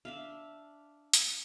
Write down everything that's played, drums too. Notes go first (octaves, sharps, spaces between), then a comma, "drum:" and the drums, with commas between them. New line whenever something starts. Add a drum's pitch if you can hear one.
D4 E5 F5
drum: hi-hat